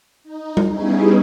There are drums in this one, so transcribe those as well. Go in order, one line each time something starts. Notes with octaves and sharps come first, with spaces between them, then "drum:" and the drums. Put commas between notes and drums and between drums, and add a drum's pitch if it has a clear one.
D#4
drum: tom G3
G3 B3 C#4 D#4 E4 G#4